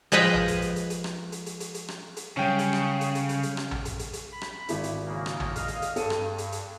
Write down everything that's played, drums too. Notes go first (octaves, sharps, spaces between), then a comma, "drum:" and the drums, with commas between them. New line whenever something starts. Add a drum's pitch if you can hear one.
F3 G#3 G#4 B4 D#5 G5
drum: tom
drum: hi-hat
drum: hi-hat
drum: hi-hat
drum: hi-hat
drum: rim click
drum: hi-hat
drum: hi-hat
drum: hi-hat
drum: hi-hat
drum: rim click
drum: hi-hat
C#3 F#3 G3 C#4 G5
drum: hi-hat
drum: rim click
drum: hi-hat
drum: hi-hat
drum: hi-hat
drum: hi-hat
drum: rim click
drum: tom
drum: hi-hat
drum: hi-hat
drum: hi-hat
B5
drum: rim click
G#1 E4, drum: hi-hat
drum: hi-hat
C#3 A#3
drum: rim click
drum: tom
D#5 F5 F6, drum: hi-hat
drum: hi-hat
drum: hi-hat
G2 A4 D#7, drum: hi-hat
drum: rim click
drum: hi-hat
drum: hi-hat